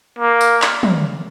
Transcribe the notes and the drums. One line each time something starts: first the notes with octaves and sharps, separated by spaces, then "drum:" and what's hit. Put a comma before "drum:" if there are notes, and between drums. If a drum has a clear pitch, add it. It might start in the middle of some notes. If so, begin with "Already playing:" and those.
A#3
drum: tambourine
drum: clap
drum: tom